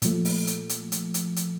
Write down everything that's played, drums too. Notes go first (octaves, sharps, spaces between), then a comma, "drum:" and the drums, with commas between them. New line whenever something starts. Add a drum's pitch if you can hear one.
A#2 F3 A3, drum: hi-hat
drum: open hi-hat
drum: hi-hat
drum: hi-hat
drum: hi-hat
drum: hi-hat
drum: hi-hat